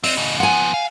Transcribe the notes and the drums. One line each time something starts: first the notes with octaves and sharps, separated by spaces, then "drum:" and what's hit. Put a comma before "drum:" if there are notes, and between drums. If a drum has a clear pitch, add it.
C4 D#5, drum: open hi-hat
A2 C#3
F3 B3 F#5 G#5
F5